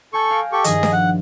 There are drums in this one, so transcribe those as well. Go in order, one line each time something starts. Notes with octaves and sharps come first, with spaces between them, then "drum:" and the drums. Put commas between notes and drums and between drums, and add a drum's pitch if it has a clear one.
A4 G#5 C#6 G6
F5 A#6 D7
G4 A4 C#6
G2 D#3 F3 G#4 D#5, drum: hi-hat
drum: snare D4
F#5